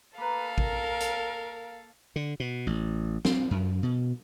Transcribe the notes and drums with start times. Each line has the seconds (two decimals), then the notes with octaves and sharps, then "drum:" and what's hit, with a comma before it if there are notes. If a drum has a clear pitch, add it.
0.18 A#3 A4 B4 F5
0.58 A#4, drum: kick A1
1.00 drum: hi-hat
2.16 D3
2.40 B2
2.67 A1
3.25 C4, drum: snare
3.51 F#2
3.83 B2